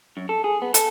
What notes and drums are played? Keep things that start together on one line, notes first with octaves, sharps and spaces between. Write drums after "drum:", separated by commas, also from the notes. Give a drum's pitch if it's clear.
F#2
A4
G#4
B3
A4, drum: hi-hat